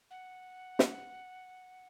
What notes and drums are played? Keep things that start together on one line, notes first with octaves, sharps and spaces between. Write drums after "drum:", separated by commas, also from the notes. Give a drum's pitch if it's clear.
F#5
drum: snare